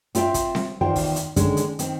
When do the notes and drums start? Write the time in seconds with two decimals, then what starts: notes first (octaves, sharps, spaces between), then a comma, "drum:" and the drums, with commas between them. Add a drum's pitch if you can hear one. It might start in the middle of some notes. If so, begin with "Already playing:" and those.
0.15 C4 F4 E5 F5 G5, drum: hi-hat
0.34 drum: kick, hi-hat
0.55 drum: snare C4
0.81 E2 D#3 F4 C5 G5
0.96 drum: kick, open hi-hat
1.16 drum: hi-hat
1.36 D3 D#3 G#3 C#4 D4, drum: kick, hi-hat
1.57 drum: hi-hat
1.79 D#3 C4, drum: hi-hat